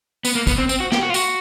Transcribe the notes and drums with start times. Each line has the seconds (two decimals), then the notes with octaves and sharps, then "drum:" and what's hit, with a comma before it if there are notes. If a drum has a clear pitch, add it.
0.25 B3, drum: tambourine
0.35 A#3
0.47 B3, drum: kick, tambourine
0.58 C4
0.69 C4, drum: tambourine
0.80 F#4
0.92 G4, drum: snare
1.03 F#4
1.10 F4
1.14 F#4, drum: tambourine